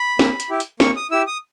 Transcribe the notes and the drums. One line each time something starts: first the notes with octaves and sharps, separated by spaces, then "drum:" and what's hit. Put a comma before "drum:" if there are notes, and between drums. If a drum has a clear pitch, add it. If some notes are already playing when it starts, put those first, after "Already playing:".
Already playing: B5
A#3, drum: snare
drum: hi-hat
E4 G4
drum: hi-hat
A#3 C#6, drum: snare
D#6
E4 G4 E6
D#6